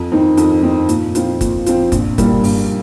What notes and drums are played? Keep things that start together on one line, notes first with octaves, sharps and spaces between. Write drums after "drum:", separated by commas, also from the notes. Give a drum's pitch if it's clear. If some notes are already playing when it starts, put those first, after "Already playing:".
Already playing: F2
D#3 C4 D#4
F2, drum: hi-hat
D#3 C4 D#4
A#2, drum: hi-hat
F3 C4 F4, drum: hi-hat
A#2, drum: kick F#1, hi-hat
F3 C4 F4, drum: hi-hat
A#1, drum: kick F#1, hi-hat
A#2 G3 A#3, drum: kick F#1, hi-hat
A#1, drum: open hi-hat